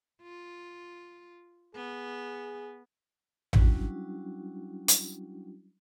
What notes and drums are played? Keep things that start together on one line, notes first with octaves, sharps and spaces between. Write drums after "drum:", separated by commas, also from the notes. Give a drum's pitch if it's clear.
F4
B3 G#4
F#3 G3 C#4 D4 E4 F#4, drum: tom A1
drum: hi-hat